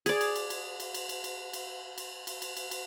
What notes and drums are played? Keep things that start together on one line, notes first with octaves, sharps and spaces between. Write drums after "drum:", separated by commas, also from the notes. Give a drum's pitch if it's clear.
G#4 D5, drum: cymbal
drum: cymbal
drum: cymbal
drum: cymbal
drum: cymbal
drum: cymbal
drum: cymbal
drum: cymbal
drum: cymbal
drum: cymbal
drum: cymbal
drum: cymbal
drum: cymbal
drum: cymbal